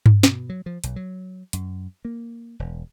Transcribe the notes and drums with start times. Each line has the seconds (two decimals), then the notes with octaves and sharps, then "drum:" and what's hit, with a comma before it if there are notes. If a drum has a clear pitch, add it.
0.06 drum: tom G2
0.23 B2, drum: snare
0.49 F#3
0.66 F3
0.84 B1, drum: hi-hat
0.96 F#3
1.53 F#2, drum: hi-hat
2.05 A#3
2.59 E1